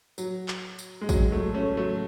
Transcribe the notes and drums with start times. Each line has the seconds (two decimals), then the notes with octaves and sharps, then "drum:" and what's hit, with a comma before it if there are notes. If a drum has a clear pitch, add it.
0.18 F#3, drum: tambourine
0.48 drum: clap
0.79 drum: tambourine
1.01 G#3
1.09 F#3, drum: kick, tambourine
1.31 F#3 A3
1.54 A3 C#4
1.77 F#3 A3